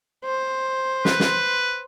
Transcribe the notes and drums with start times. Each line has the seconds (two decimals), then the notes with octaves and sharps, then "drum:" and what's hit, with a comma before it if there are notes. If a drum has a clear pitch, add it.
0.25 C5
1.05 B4, drum: snare
1.20 drum: snare